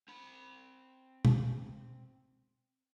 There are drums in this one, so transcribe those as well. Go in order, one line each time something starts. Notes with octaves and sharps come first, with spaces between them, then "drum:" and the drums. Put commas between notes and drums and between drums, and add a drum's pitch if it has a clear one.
C4 B5
drum: tom B2